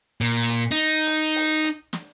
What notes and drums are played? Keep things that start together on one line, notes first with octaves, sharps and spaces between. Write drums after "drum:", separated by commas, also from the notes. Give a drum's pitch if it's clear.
A#2, drum: hi-hat
drum: hi-hat
D#4
drum: hi-hat
drum: open hi-hat
drum: hi-hat
drum: snare